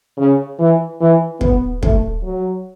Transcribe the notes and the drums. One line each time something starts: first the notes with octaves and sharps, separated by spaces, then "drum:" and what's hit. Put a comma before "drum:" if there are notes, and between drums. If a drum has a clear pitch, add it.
C#3
E3
E3
B3, drum: kick
A3, drum: kick
F#3